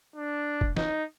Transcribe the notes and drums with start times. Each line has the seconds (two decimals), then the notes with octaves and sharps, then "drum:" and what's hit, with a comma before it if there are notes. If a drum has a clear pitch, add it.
0.16 D4
0.61 drum: kick
0.77 D#4, drum: snare